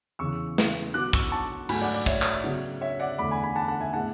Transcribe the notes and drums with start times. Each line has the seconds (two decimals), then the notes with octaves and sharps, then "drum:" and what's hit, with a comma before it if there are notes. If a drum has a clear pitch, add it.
0.19 E2 C#3 E3 C#6 E6
0.58 drum: snare
0.94 B2 F#3 B3 D6 F#6
1.13 C#6 E6, drum: kick
1.32 A5 C#6
1.69 G#2 F#3 A3 G#5 B5, drum: cymbal
1.81 D5 F#5
1.94 D5
2.06 C#5 E5, drum: kick
2.22 drum: clap
2.44 C#3 F#3 B3
2.81 C#5 E5
3.00 D5 F#5
3.18 E2 D3 A3 B5 D6
3.31 G#5 B5
3.43 G#5 B5
3.56 F#5 A5
3.68 F#5 A5
3.80 E5 G#5
3.93 A2 G#3 B3 F#5 A5